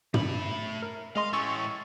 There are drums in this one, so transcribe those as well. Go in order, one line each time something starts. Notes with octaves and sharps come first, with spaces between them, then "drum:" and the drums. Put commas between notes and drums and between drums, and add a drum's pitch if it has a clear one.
A3 B5, drum: tom
A#4
G#3 D#5 F5 C6
A2 C#4 C#6 E6 A6